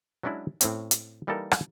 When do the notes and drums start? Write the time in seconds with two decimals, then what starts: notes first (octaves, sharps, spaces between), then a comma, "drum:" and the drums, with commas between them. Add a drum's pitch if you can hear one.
0.23 F#3 G#3 C#4 D4 E4 F#4
0.61 A2 C4 C#4, drum: hi-hat
0.91 drum: hi-hat
1.27 E3 G3 A#3 D#4 A4 A#4
1.51 drum: rim click